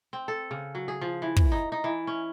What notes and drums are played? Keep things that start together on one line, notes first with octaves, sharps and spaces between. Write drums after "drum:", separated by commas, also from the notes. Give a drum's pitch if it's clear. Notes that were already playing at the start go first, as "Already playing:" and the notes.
C4
A4
C#3
F#3
G#4
F3
E3
drum: kick
D#4
D#4
E3
C#4